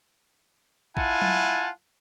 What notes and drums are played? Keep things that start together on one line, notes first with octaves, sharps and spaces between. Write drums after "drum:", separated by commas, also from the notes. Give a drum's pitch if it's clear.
E4 F4 F#5 G#5 A5, drum: kick
drum: tom F#3